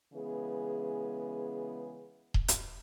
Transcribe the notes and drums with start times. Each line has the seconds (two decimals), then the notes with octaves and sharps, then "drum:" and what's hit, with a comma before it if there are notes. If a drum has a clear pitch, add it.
0.14 C#3 E3 G#3 B3 G#4
2.34 drum: kick D#1
2.48 drum: hi-hat